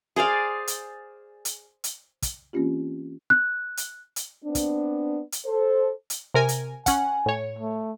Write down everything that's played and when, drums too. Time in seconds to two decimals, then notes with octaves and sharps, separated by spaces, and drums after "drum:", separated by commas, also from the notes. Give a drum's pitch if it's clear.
0.16 G#4 C5 D5 F5
0.67 drum: hi-hat
1.45 drum: hi-hat
1.84 drum: hi-hat
2.22 drum: kick, hi-hat
2.53 E3 A#3 C4 C#4 F4 G4
3.30 F#6
3.77 drum: hi-hat
4.16 drum: hi-hat
4.44 B3 C4 D4
4.55 drum: kick, hi-hat
5.32 drum: hi-hat
5.46 A4 C5
6.10 drum: hi-hat
6.34 C3 A#4 G#5
6.49 drum: hi-hat
6.86 C#4 F#5 G#5, drum: kick, hi-hat
7.26 A2 C#5
7.58 A3